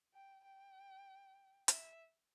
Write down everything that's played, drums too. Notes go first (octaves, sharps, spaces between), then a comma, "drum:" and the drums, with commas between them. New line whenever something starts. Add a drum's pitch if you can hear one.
G5
G5
E5, drum: hi-hat